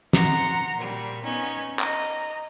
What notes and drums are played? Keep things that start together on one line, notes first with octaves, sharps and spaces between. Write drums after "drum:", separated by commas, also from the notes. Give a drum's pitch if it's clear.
F#5 A#5 C6, drum: snare
A#2 G3
B3 C#4 D#4
D#5 A#5, drum: clap